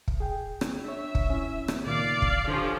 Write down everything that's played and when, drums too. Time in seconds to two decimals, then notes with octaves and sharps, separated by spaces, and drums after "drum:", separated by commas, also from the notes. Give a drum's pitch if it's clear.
0.08 drum: kick
0.20 G#4 G5
0.61 drum: rim click
0.84 D4 C#5 E5
1.15 drum: kick
1.30 C#4 E4
1.68 drum: rim click
1.86 C#2 A#2 D#3 D5 F5
2.22 drum: kick
2.48 D3 F3 C#4 D4 G4